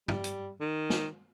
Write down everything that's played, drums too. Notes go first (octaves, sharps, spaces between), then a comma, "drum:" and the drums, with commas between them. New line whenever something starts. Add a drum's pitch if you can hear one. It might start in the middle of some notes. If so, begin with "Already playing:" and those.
G3, drum: tom
drum: hi-hat
D#3
drum: snare